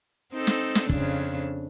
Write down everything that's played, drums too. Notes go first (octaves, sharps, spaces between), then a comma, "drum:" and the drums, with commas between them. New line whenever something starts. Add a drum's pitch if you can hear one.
C4 D#4 A4
drum: snare
drum: snare
F2 C#3 D4, drum: kick